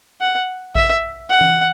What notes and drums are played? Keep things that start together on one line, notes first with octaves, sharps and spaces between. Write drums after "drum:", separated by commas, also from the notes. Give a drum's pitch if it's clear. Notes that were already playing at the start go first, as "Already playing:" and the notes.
F#5
E5, drum: kick A1
F#5
drum: tom E3